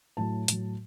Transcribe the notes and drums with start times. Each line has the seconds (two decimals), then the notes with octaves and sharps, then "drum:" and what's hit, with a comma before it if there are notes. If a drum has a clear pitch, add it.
0.17 A2 F#3 A5
0.48 A2 F#3, drum: hi-hat